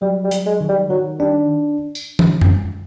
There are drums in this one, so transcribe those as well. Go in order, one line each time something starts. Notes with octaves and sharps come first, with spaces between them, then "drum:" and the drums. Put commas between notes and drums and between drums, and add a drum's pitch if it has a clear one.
F#3 G3
G3
F#3, drum: hi-hat
G#3
D#3
G3
D#3 F#3
G3 D4
drum: tambourine
drum: tom
drum: tom F#2